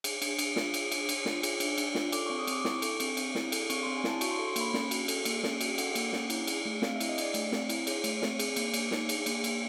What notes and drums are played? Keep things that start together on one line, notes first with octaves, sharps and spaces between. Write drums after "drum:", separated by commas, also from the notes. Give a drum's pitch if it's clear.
G#4, drum: cymbal
D4, drum: cymbal
D4, drum: cymbal
F4, drum: snare
G#4, drum: cymbal
D4, drum: cymbal
D4, drum: cymbal
F4, drum: snare
G#4, drum: cymbal
D4, drum: cymbal
D4, drum: cymbal
F4, drum: snare
A4 D6, drum: cymbal
C4 C#6
D#6
C4 D6, drum: cymbal
D6
E4 C#6, drum: snare
A4, drum: cymbal
C4, drum: cymbal
C4, drum: cymbal
E4, drum: snare
A4, drum: cymbal
C4 C#6, drum: cymbal
C4 C6
G#5
E4 A5, drum: snare
F#4 C#6, drum: cymbal
C6
A4 C#6
C6
A#3 B5, drum: cymbal
C#4, drum: snare
F#4, drum: cymbal
A4, drum: cymbal
A#3, drum: cymbal
C#4, drum: snare
F#4, drum: cymbal
A4 F#5, drum: cymbal
A#3, drum: cymbal
C#4, drum: snare
E4, drum: cymbal
G#4, drum: cymbal
A3
C4 F5, drum: snare
E5
E4, drum: cymbal
D#5
G#4 D5, drum: cymbal
A3, drum: cymbal
C4, drum: snare
E4, drum: cymbal
G#4 C#5, drum: cymbal
A3, drum: cymbal
C4, drum: snare
G#4, drum: cymbal
A#3, drum: cymbal
A#3, drum: cymbal
D#4, drum: snare
G#4, drum: cymbal
A#3, drum: cymbal
A#3, drum: cymbal